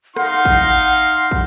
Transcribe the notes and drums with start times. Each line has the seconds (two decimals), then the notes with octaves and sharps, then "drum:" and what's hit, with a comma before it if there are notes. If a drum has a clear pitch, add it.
0.16 D#4 F5 F#5 C6, drum: rim click
0.45 drum: kick
1.31 drum: kick